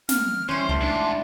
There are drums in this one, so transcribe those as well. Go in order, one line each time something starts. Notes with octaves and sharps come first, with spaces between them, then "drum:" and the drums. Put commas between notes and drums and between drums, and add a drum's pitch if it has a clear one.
F6, drum: snare
E3 G3 C#4 C5 C6
C#2 A3
G#2 D4 A5